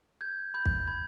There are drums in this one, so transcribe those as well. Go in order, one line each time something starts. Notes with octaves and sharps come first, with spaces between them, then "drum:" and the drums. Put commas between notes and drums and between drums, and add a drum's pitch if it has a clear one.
G6 G#6
B5 G6
drum: kick
B5 G#6